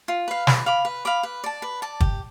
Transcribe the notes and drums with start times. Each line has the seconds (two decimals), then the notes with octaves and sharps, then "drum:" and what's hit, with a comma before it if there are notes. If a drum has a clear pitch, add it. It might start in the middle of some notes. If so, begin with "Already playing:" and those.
0.08 F4
0.28 B4 F5
0.47 B4, drum: snare
0.66 F5 B5 D6
0.85 B4
1.05 F5 B5 D6
1.23 B4
1.44 D5 A5
1.62 B4
1.82 D5 A5
2.00 G4, drum: kick